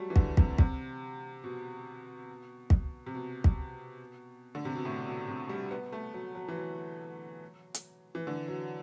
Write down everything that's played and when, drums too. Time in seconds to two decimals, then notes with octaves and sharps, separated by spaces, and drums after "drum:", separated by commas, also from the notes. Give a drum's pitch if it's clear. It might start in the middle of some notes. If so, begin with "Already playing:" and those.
Already playing: F#3 G3 A3
0.10 E3
0.16 D3, drum: kick
0.37 C3, drum: kick
0.58 C3, drum: kick
1.44 B2
2.70 drum: kick
3.06 C3
3.15 B2
3.44 drum: kick
4.55 D3
4.65 C3
4.75 B2
4.85 A2
5.07 B2
5.28 C3
5.49 G3
5.71 B3
5.92 A3
6.14 F#3
6.35 F#3
6.48 E3
6.56 F#3
7.74 drum: hi-hat
8.15 E3
8.27 D3
8.48 F#3